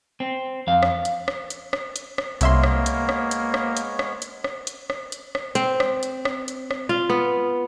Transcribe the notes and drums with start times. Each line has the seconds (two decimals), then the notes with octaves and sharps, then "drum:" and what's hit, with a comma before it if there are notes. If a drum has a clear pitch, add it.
0.20 C4
0.67 F2 F5
0.83 drum: rim click
1.05 drum: hi-hat
1.28 drum: rim click
1.50 drum: hi-hat
1.73 drum: rim click
1.96 drum: hi-hat
2.18 drum: rim click
2.41 C2 G#3 A#3 B3 C#5 E5 C6, drum: hi-hat
2.63 drum: rim click
2.86 drum: hi-hat
3.09 drum: rim click
3.31 drum: hi-hat
3.54 drum: rim click
3.77 drum: hi-hat
3.99 drum: rim click
4.22 drum: hi-hat
4.44 drum: rim click
4.67 drum: hi-hat
4.90 drum: rim click
5.12 drum: hi-hat
5.35 drum: rim click
5.55 C4, drum: hi-hat
5.80 drum: rim click
6.03 drum: hi-hat
6.25 drum: rim click
6.48 drum: hi-hat
6.71 drum: rim click
6.89 F4
7.09 B3